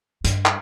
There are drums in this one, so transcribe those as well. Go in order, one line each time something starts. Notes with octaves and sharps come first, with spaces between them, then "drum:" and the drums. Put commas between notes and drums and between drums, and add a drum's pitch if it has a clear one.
G2, drum: hi-hat
drum: clap